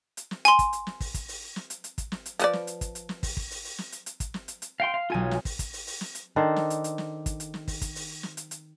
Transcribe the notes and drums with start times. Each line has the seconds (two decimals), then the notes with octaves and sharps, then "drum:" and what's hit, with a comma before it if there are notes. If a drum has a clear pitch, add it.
0.17 drum: hi-hat
0.31 drum: snare
0.45 G#5 C6, drum: hi-hat
0.59 drum: kick, hi-hat
0.73 drum: hi-hat
0.87 drum: snare
1.00 drum: kick, open hi-hat
1.14 drum: kick, hi-hat
1.28 drum: open hi-hat
1.56 drum: snare
1.70 drum: hi-hat
1.84 drum: hi-hat
1.98 drum: kick, hi-hat
2.12 drum: snare
2.26 drum: hi-hat
2.39 F3 B4 D5, drum: hi-hat
2.53 drum: snare
2.67 drum: hi-hat
2.81 drum: kick, hi-hat
2.95 drum: hi-hat
3.09 drum: snare
3.23 drum: kick, open hi-hat
3.37 drum: kick
3.51 drum: open hi-hat
3.65 drum: open hi-hat
3.78 drum: snare
3.92 drum: hi-hat
4.06 drum: hi-hat
4.20 drum: kick, hi-hat
4.34 drum: snare
4.48 drum: hi-hat
4.62 drum: hi-hat
4.80 F5 G5 C6
4.94 F5
5.10 B1 F4 A4 G#5
5.31 drum: snare
5.45 drum: kick, open hi-hat
5.59 drum: kick, hi-hat
5.73 drum: open hi-hat
5.87 drum: open hi-hat
6.01 drum: snare
6.15 drum: hi-hat
6.36 D#3 D4 A4 C5
6.56 drum: snare
6.70 drum: hi-hat
6.84 drum: hi-hat
6.98 drum: snare
7.26 drum: kick, hi-hat
7.40 drum: hi-hat
7.54 drum: snare
7.68 drum: kick, open hi-hat
7.81 drum: kick, hi-hat
7.95 drum: open hi-hat
8.23 drum: snare
8.37 drum: hi-hat
8.51 drum: hi-hat